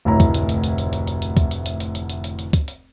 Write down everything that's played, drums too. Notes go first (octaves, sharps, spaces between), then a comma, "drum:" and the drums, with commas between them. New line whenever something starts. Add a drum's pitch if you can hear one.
F1 D2 A2 E4 C#5 A#5
drum: kick, hi-hat
drum: hi-hat
drum: hi-hat
drum: hi-hat
drum: hi-hat
drum: hi-hat
drum: hi-hat
drum: hi-hat
drum: kick, hi-hat
drum: hi-hat
drum: hi-hat
drum: hi-hat
drum: hi-hat
drum: hi-hat
drum: hi-hat
drum: hi-hat
drum: kick, hi-hat
drum: hi-hat